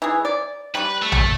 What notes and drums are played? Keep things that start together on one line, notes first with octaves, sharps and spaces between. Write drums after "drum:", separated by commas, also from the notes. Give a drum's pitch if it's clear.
E3 G#4
D5
G3 B4 C#6
A3
drum: tom